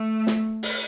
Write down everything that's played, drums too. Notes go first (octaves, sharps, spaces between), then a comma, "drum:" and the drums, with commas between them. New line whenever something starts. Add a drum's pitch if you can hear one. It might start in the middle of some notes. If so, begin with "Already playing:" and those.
Already playing: A3
drum: snare
drum: open hi-hat